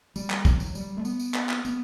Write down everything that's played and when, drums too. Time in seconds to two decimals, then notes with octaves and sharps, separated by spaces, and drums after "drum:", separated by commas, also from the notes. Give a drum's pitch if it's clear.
0.16 G3, drum: tambourine
0.30 drum: clap
0.45 F#3, drum: kick, tambourine
0.60 drum: tambourine
0.75 G3, drum: tambourine
0.97 A3
1.05 B3, drum: tambourine
1.20 drum: tambourine
1.34 drum: clap
1.49 drum: clap
1.65 B3, drum: tambourine